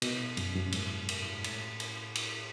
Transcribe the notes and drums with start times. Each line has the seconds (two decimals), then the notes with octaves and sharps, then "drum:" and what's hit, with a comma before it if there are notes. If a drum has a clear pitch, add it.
0.02 B2, drum: cymbal
0.37 F#2, drum: cymbal
0.55 F#2
0.72 G#2, drum: cymbal
1.09 drum: cymbal
1.27 G#2
1.44 A2, drum: cymbal
1.80 drum: cymbal
2.15 drum: cymbal